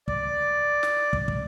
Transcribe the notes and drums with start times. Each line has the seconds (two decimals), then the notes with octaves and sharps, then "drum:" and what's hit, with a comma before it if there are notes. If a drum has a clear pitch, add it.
0.08 D5, drum: kick
0.83 drum: snare
1.13 drum: kick
1.28 drum: kick